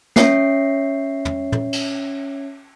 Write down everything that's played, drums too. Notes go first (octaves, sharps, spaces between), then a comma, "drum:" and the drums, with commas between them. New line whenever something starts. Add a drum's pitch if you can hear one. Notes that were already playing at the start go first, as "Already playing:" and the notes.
C#4 C#5 E5 C7, drum: snare
drum: tom
drum: tom
drum: cymbal